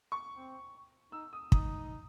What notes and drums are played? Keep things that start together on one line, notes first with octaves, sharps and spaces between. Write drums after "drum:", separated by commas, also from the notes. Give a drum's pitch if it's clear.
C#6
C4
D#4 E6
D#6
D#4 D#6, drum: kick